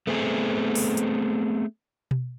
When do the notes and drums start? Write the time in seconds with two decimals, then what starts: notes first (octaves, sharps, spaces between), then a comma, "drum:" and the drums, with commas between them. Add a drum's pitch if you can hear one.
0.07 A3 B3 C4 G#4
0.75 drum: open hi-hat
0.97 drum: hi-hat
2.11 drum: tom B2